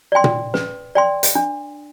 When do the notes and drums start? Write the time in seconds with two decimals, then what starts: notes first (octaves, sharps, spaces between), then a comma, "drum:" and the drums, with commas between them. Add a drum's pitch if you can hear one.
0.12 D5 G5 C6
0.24 drum: tom A#2
0.54 B4, drum: snare
0.95 D5 G5 C6
1.23 drum: hi-hat
1.35 D4